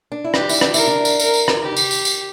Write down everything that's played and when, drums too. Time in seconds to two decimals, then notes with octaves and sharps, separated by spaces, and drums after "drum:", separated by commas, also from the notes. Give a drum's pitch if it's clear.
0.12 D4
0.24 E4
0.34 D4 G4, drum: rim click
0.49 E4, drum: tambourine
0.61 D4, drum: rim click
0.74 E4 A#4, drum: tambourine
0.87 D4
1.05 drum: tambourine
1.20 A#4, drum: tambourine
1.34 drum: tambourine
1.48 drum: rim click
1.62 G4
1.76 drum: tambourine
1.91 drum: tambourine
2.05 drum: tambourine